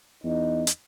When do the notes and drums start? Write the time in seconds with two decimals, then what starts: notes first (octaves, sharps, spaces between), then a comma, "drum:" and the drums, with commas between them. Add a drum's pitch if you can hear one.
0.24 E2 D#4
0.67 drum: hi-hat